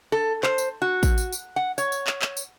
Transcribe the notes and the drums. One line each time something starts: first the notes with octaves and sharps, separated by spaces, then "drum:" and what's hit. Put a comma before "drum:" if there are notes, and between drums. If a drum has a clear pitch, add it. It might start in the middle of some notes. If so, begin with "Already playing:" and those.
A4
C5, drum: clap
drum: tambourine
F#4
drum: kick A1, tambourine
drum: tambourine
drum: tambourine
F#5
C#5, drum: tambourine
drum: tambourine
drum: clap
drum: clap
drum: tambourine